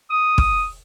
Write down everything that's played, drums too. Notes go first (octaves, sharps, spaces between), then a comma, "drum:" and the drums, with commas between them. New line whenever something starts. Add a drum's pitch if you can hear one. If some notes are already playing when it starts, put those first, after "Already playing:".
D#6
drum: kick